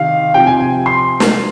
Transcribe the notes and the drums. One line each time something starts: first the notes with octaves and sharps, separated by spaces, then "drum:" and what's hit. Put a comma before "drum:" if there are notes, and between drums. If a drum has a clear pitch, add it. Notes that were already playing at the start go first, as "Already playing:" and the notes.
Already playing: C3 D#3 F5
C3 F3 G5
G#5
G#5
C6
drum: snare